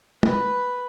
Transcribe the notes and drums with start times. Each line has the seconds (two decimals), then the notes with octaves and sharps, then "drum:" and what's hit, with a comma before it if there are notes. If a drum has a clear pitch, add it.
0.23 B4, drum: tom